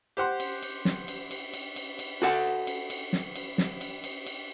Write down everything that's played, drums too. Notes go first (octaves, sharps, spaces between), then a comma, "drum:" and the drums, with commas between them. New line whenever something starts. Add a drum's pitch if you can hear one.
G4 C5 F#5 C6
drum: cymbal
drum: cymbal
drum: snare
drum: cymbal
drum: cymbal
drum: cymbal
drum: cymbal
drum: cymbal
F#4 A4 F#5
drum: cymbal
drum: cymbal
drum: snare
drum: cymbal
drum: snare
drum: cymbal
drum: cymbal
drum: cymbal